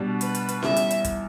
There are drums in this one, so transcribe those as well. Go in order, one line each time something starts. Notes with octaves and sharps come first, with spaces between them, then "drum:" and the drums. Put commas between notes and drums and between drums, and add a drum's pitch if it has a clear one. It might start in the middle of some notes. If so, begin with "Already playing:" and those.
Already playing: B2 G3 D4
B4, drum: hi-hat
drum: hi-hat
drum: hi-hat
E2 E3 G3 E5, drum: snare C#4
drum: hi-hat
drum: hi-hat
drum: kick, hi-hat